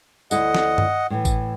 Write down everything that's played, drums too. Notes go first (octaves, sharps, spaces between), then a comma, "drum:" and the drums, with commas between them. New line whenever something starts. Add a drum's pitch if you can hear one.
D2 E4 A4 D#5 F#5, drum: tambourine
drum: snare
drum: tom G2
A2 E3
drum: kick G#1, tambourine